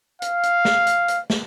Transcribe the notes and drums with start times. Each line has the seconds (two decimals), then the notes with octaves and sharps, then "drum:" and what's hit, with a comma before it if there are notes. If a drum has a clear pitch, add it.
0.22 F5, drum: hi-hat
0.43 drum: hi-hat
0.65 drum: snare
0.87 drum: hi-hat
1.08 drum: hi-hat
1.30 drum: snare